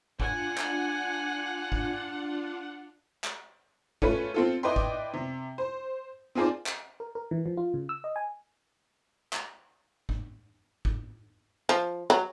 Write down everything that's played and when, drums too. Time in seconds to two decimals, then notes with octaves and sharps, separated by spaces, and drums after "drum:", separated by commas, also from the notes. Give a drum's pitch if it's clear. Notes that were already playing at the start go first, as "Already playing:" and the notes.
0.20 D4 F4 F#5 G#5, drum: kick
0.58 drum: clap
1.72 drum: kick
3.24 drum: clap
4.02 A3 C#4 F4 B4, drum: kick
4.34 C4 F4 A4
4.63 E4 B4 D5 D#5 G5 C6
4.76 drum: kick
5.14 C3
5.58 C5
6.35 C4 D#4 F4 G#4 C5 D5
6.66 drum: clap
7.00 A#4
7.15 A#4
7.31 E3
7.46 F3
7.57 F4
7.74 C#3
7.89 E6
8.04 D#5
8.16 G#5
9.33 drum: clap
10.09 drum: kick
10.85 drum: kick
11.69 F3
12.10 F#3